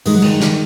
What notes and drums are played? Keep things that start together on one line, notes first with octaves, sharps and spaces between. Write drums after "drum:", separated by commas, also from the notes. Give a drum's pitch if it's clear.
D#3 G#3, drum: open hi-hat
F#3
D#3 G#3, drum: cymbal
drum: snare